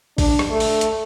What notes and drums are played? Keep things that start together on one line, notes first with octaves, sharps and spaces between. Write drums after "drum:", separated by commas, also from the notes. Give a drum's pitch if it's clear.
D4, drum: kick, open hi-hat
drum: rim click
A3
drum: open hi-hat
drum: hi-hat